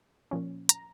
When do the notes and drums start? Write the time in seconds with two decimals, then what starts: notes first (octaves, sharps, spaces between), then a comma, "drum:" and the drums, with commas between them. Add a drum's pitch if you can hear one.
0.31 A#2 F3 C#4
0.69 A#5, drum: hi-hat